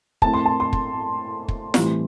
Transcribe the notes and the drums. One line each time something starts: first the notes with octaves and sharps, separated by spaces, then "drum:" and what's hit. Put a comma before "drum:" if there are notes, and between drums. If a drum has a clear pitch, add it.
A2 A3 C4 E4 A5, drum: kick
C6
A5
C6
drum: kick
drum: kick
A2 E3 G3 C4 E4, drum: snare